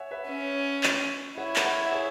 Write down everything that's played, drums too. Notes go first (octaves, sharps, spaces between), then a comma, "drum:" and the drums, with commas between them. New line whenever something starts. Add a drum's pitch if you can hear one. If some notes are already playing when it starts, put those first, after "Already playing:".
Already playing: C#5 E5 F#5 G#5
B4 E5
C#4
drum: clap
E4 C#5 F#5
drum: clap
C#5 F#5
E5
G#4 C#5